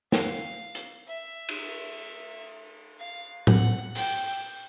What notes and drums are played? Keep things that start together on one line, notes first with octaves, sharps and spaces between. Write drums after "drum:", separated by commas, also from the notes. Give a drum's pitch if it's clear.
F5, drum: snare
drum: hi-hat
E5
drum: cymbal
F5
F#5, drum: tom A2
G5, drum: open hi-hat